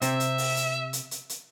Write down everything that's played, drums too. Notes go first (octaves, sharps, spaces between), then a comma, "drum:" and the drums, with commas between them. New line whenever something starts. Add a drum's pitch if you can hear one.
C3 C4 E5, drum: hi-hat
drum: hi-hat
drum: open hi-hat
drum: hi-hat
drum: hi-hat
drum: hi-hat
drum: hi-hat